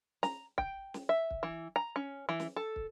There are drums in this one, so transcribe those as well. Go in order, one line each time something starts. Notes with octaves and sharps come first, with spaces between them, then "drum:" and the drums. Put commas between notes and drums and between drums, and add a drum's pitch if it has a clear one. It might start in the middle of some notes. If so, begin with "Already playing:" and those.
A#5, drum: snare
G5, drum: kick
drum: snare
E5
drum: kick
E3
A#5
C#4
E3
drum: snare
A4
drum: kick